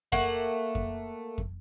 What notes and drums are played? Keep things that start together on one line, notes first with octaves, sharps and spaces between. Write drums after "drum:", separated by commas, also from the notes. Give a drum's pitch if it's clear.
A3 A#3 F#5, drum: kick F2
drum: kick F2
drum: kick F2